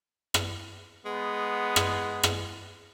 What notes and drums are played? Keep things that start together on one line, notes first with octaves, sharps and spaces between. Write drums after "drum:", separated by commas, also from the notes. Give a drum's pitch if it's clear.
drum: rim click
G#3 B3
drum: rim click
drum: rim click